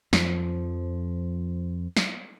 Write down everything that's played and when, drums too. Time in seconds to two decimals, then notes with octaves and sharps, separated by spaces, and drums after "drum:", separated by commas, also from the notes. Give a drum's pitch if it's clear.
0.13 F2 F3, drum: snare
1.97 drum: snare